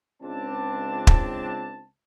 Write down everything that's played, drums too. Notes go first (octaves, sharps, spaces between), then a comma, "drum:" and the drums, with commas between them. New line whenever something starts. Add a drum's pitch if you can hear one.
C#2 C4 D4 A5
drum: kick